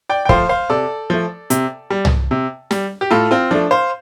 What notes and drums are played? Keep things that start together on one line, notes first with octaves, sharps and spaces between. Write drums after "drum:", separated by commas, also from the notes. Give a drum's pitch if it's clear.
D5 G5
G5
F3 A3 C5 F5, drum: kick
C5 F5
C3 A4 D5
F3 A3
C3, drum: hi-hat
G3
drum: tom
C3
G3, drum: snare
G4
A2 F4 A4
C4 F4
F3 A3 D4
C5 F5